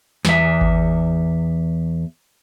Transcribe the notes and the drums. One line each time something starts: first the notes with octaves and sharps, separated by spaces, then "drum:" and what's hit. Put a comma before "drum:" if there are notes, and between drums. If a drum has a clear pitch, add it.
E2 E5, drum: snare
drum: kick G#1